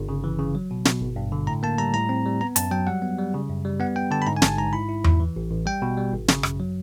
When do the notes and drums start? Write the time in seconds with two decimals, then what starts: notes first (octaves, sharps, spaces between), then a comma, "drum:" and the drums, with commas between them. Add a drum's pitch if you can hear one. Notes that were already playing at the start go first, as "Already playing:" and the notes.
Already playing: G1
0.09 C#3
0.24 E3
0.39 C#3
0.55 F#3
0.71 B2
0.85 B2, drum: snare
1.01 G#1
1.16 G2
1.32 D3
1.47 A2 A#5
1.63 A#3 A5
1.78 G3 A#5
1.94 A2 A#5
2.09 C4
2.26 G3
2.41 B3 A#5
2.56 F#2 A5, drum: hi-hat
2.71 F#3 G5
2.87 G3 F#5
3.02 B3
3.19 G3
3.34 C#3
3.49 F#2
3.65 G3
3.80 B3 F#5
3.96 B3 G5
4.11 D3 A5
4.22 B5
4.27 G#2 A#5
4.37 G#5
4.42 A1 A5, drum: snare
4.58 G#2 A#5
4.73 E4 B5
4.89 E4
5.04 E4, drum: tom E2
5.20 E3
5.36 A1
5.51 A1
5.66 G3 G5
5.82 B2
5.97 G3
6.13 G#1
6.28 C#3, drum: snare
6.43 F#2, drum: rim click
6.60 F#3